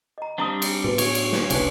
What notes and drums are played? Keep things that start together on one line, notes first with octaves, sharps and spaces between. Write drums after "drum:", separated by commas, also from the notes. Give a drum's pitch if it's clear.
D#5 A#5
G3 C4 D4 F5 A#5 D#6
drum: cymbal
A2 B3 F#4 B4
F#3 C#5, drum: cymbal
drum: cymbal
drum: snare
F1 C2 C3 C#4 D4 B4, drum: cymbal